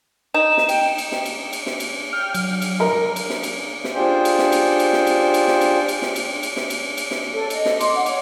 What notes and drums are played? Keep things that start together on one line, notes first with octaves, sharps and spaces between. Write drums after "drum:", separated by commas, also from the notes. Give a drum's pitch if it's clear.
D#4 E7
drum: snare
G5, drum: cymbal
drum: cymbal
drum: snare
drum: cymbal
drum: cymbal
drum: snare
drum: cymbal
G5 F6
F#3, drum: cymbal
drum: cymbal
A#4
drum: cymbal
drum: snare
drum: cymbal
drum: snare
D4 F4 G4 G#4 C5 G5
drum: cymbal
drum: snare
drum: cymbal
drum: cymbal
drum: snare
drum: cymbal
drum: cymbal
drum: snare
drum: cymbal
drum: cymbal
drum: snare
drum: cymbal
drum: cymbal
drum: snare
drum: cymbal
drum: cymbal
drum: snare
A4 C#5
D#5, drum: cymbal
drum: snare
D#5 C6 D6, drum: cymbal
F#5
C#5, drum: cymbal